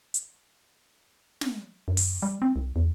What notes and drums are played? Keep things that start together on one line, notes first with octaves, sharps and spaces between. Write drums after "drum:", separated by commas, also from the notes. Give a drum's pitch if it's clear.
drum: hi-hat
drum: snare
F#2
drum: open hi-hat
G3
C4
C2
E2